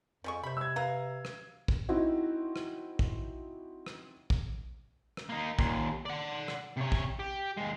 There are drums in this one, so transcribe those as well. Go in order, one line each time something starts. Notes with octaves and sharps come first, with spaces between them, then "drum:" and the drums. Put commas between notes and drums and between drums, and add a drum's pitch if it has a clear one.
F2 F3 G#3 C#6
C3 C5 B5
E6 G#6
B4 F5 A#5
drum: rim click
drum: kick
C4 D#4 E4 F#4
drum: rim click
drum: kick
drum: rim click
drum: kick
drum: rim click
A#3 D#4
D#2 A#2, drum: kick
D5 F#5
drum: rim click
C3 C#5
drum: kick
G4
D#2 G#3